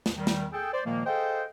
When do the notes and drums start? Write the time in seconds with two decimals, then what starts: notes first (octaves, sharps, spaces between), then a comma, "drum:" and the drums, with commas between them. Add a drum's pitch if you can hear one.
0.06 drum: snare
0.18 D#3 G3
0.27 drum: snare
0.53 G#4 A4 G5
0.73 C5 D5
0.85 A#2 D#3 F3 G#3 A#3
1.06 G#4 A4 C5 D#5 F5 G5